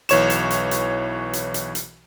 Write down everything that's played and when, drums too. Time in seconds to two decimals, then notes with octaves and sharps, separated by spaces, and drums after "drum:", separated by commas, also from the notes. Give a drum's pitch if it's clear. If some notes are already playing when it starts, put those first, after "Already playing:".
0.09 B1 E3 C#5 C#6 E7, drum: hi-hat
0.30 drum: hi-hat
0.50 drum: hi-hat
0.71 drum: hi-hat
1.33 drum: hi-hat
1.54 drum: hi-hat
1.75 drum: hi-hat